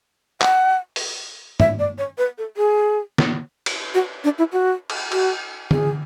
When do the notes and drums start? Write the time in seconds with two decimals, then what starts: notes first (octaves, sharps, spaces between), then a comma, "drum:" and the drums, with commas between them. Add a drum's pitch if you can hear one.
0.41 F#5, drum: clap
0.96 drum: open hi-hat
1.60 E5, drum: tom
1.79 D5
1.98 C#5
2.18 B4
2.38 A4
2.57 G#4
3.18 drum: snare
3.66 drum: cymbal
3.94 F#4
4.24 D4
4.38 E4
4.53 F#4
4.90 drum: cymbal
5.12 F#4, drum: cymbal
5.71 G#4, drum: tom D3